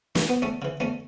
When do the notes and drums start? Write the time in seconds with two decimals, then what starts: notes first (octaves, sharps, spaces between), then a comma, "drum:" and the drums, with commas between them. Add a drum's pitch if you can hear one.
0.15 A3, drum: snare
0.29 B3
0.42 E2 A3 C#4
0.62 C#3 E3
0.80 E2 A3 C#4